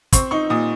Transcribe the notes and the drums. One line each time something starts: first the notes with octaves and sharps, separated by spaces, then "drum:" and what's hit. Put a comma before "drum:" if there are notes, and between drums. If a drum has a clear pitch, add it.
C4 C#6, drum: kick, hi-hat
D#4 C#6
A#2 D#6